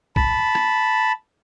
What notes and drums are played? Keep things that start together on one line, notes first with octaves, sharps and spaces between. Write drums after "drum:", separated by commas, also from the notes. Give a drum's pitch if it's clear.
A5 B5, drum: kick
drum: rim click